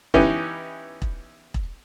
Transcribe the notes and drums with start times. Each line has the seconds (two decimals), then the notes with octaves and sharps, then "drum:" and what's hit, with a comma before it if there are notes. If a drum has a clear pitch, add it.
0.14 E3 B3 C#4 D#4 E4 G4, drum: kick E1
1.02 drum: kick E1
1.54 drum: kick E1